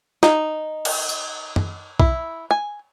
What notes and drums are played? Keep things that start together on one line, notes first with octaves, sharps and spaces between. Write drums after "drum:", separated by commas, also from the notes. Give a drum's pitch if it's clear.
D#4, drum: snare
drum: cymbal
drum: tambourine
drum: tom F#2
E4, drum: kick B1
G#5